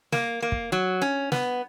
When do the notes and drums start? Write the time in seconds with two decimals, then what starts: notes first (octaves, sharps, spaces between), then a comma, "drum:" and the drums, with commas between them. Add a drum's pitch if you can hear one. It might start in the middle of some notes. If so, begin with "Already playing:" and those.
0.12 A#3, drum: snare
0.42 A#3
0.52 drum: kick
0.72 F#3
1.02 C#4
1.32 B3, drum: snare